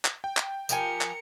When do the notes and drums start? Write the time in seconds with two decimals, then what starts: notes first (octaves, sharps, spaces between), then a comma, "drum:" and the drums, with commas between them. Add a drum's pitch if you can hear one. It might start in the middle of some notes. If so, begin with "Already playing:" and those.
0.05 drum: clap
0.24 G5
0.37 drum: clap
0.69 F3 G4 A#4 G#5 C#7, drum: tambourine
1.01 drum: clap